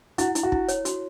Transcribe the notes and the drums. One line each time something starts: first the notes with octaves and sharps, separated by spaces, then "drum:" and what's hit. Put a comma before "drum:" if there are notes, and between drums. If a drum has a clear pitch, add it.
E4 F#4, drum: hi-hat
E4, drum: hi-hat
F#4
E4, drum: kick
C#5, drum: hi-hat
F#4, drum: hi-hat